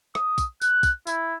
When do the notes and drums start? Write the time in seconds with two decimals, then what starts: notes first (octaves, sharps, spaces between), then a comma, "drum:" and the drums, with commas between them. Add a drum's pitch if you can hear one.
0.15 D#6, drum: rim click
0.38 drum: kick, tambourine
0.62 F#6, drum: tambourine
0.83 drum: kick, tambourine
1.07 E4, drum: tambourine